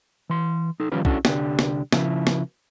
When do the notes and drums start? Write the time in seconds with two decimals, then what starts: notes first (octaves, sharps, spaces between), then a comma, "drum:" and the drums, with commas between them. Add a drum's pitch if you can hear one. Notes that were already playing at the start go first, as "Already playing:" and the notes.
0.30 E3 C6
0.80 D#4 A4
0.92 D#3 F3 G3 C#4 F4 B4
1.05 C#4 D4 E4 F#4 A4, drum: kick
1.25 C2 D3 D4 G4, drum: snare
1.59 drum: snare
1.92 C#3 F3 E4, drum: snare
2.27 drum: snare